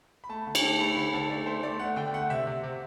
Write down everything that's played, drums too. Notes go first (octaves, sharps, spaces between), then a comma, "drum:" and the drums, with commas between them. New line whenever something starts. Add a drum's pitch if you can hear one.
B5
A3 A5
D3
A5, drum: cymbal
A3
A5
A3 B5
D3 B5
D3 A5
A3 D5
A3 C5
A3 D5
A3 F#5
D3 G5
A3 F#5
C3 E5
C3
C3